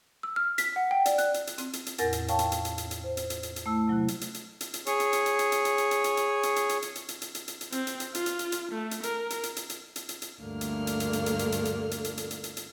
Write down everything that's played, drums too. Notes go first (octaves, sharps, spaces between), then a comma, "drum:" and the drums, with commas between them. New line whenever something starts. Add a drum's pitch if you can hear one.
E6
F6
B6, drum: hi-hat
F#5
G5
D5, drum: hi-hat
F#6, drum: hi-hat
drum: hi-hat
drum: hi-hat
C4, drum: hi-hat
drum: hi-hat
drum: hi-hat
E2 A2 A#4 F#5 A6 A#6, drum: hi-hat
drum: hi-hat
C#5 F5 G5 A5 C#6, drum: hi-hat
drum: hi-hat
drum: hi-hat
drum: hi-hat
drum: hi-hat
drum: hi-hat
C5
drum: hi-hat
drum: hi-hat
drum: hi-hat
drum: hi-hat
A3 E4 E6
C3 F#3 E4 F#6
drum: hi-hat
drum: hi-hat
drum: hi-hat
drum: hi-hat
drum: hi-hat
G#4 C#5, drum: hi-hat
drum: hi-hat
drum: hi-hat
drum: hi-hat
drum: hi-hat
drum: hi-hat
drum: hi-hat
drum: hi-hat
drum: hi-hat
drum: hi-hat
drum: hi-hat
drum: hi-hat
drum: hi-hat
drum: hi-hat
drum: hi-hat
drum: hi-hat
drum: hi-hat
drum: hi-hat
drum: hi-hat
drum: hi-hat
drum: hi-hat
C4, drum: hi-hat
drum: hi-hat
drum: hi-hat
F4, drum: hi-hat
drum: hi-hat
drum: hi-hat
drum: hi-hat
A3
drum: hi-hat
A#4, drum: hi-hat
drum: hi-hat
drum: hi-hat
drum: hi-hat
drum: hi-hat
drum: hi-hat
drum: hi-hat
drum: hi-hat
D2 G2 D3 A#3 F6
drum: hi-hat
drum: hi-hat
drum: hi-hat
drum: hi-hat
drum: hi-hat
drum: hi-hat
drum: hi-hat
drum: hi-hat
drum: hi-hat
drum: hi-hat
drum: hi-hat
drum: hi-hat
drum: hi-hat
drum: hi-hat